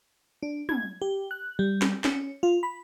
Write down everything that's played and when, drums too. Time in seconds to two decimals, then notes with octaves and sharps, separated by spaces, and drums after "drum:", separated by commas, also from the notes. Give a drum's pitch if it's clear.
0.43 D4
0.69 G#6, drum: tom
1.02 G4
1.31 F#6
1.59 G3
1.82 drum: snare
2.04 C#4, drum: snare
2.43 F4
2.63 B5